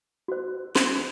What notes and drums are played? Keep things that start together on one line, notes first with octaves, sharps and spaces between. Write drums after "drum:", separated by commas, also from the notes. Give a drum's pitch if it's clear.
F#4 C5
F#4 C5 C6, drum: snare